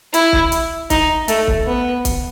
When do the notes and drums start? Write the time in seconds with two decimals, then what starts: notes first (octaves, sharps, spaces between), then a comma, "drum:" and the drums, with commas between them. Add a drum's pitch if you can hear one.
0.14 E4, drum: hi-hat
0.33 drum: kick
0.52 drum: hi-hat
0.90 D#4, drum: kick, hi-hat
1.28 A3, drum: hi-hat
1.47 drum: kick
1.67 B3
2.05 drum: kick, hi-hat